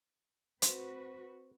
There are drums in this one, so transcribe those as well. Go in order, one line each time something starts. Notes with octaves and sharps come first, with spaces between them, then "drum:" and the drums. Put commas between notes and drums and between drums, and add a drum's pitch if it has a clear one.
C4 F#4 B4 C5, drum: hi-hat